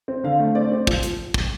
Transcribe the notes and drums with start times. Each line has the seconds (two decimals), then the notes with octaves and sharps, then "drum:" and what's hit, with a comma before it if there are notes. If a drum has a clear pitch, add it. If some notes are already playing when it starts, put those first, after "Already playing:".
0.08 C4
0.24 D3 F5
0.40 A3
0.55 C4 D5
0.72 C4
0.87 F3, drum: kick
1.03 drum: hi-hat
1.34 drum: kick